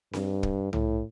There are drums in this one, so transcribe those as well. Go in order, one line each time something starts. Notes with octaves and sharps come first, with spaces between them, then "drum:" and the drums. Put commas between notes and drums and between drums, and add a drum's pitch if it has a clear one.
G2, drum: snare C4
drum: kick
A2, drum: tom C2